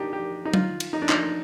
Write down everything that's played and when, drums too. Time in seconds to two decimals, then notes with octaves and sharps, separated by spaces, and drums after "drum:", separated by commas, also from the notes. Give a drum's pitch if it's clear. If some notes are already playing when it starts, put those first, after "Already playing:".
Already playing: D4 D#4 G4
0.13 G4
0.45 D#4
0.54 F4, drum: tom F#3
0.80 drum: cymbal
0.93 D#4
1.02 D4
1.09 D#4, drum: clap